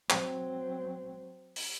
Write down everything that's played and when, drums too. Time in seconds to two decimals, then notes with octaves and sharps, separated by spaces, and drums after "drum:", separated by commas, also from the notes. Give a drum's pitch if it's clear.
0.10 F#3 C4, drum: clap
1.56 drum: open hi-hat